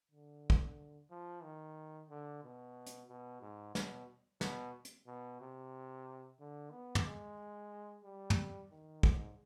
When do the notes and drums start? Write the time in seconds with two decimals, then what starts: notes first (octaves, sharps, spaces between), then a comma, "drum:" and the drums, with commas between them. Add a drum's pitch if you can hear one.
0.12 D3
0.50 drum: kick
1.10 F3
1.43 D#3
2.10 D3
2.43 B2
2.86 drum: hi-hat
3.08 B2
3.41 G#2
3.75 B2, drum: snare
4.41 B2, drum: snare
4.85 drum: hi-hat
5.07 B2
5.41 C3
6.40 D3
6.72 B3
6.95 drum: tom
7.05 G#3
8.04 G3
8.30 drum: tom
8.71 D#3
9.03 G#2, drum: kick